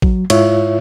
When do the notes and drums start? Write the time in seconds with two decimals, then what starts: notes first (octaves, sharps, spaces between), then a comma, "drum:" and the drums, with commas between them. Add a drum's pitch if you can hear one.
0.02 F#3, drum: kick A1
0.30 G#2 E4 F4 C#5 E5, drum: cymbal